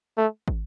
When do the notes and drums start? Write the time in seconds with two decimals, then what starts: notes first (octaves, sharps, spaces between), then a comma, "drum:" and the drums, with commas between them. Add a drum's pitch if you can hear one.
0.17 A3
0.48 drum: kick